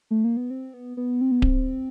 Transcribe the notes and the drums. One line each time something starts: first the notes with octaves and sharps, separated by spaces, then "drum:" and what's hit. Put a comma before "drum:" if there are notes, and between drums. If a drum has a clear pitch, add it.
A3
A#3
B3
C4
B3
B3
C4
B3
C4, drum: kick D1